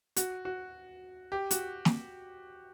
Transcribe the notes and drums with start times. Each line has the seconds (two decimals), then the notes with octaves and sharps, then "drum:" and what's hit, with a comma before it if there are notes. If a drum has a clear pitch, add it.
0.16 F#4, drum: hi-hat
0.45 F#4
1.32 G4
1.51 F#4, drum: hi-hat
1.85 drum: snare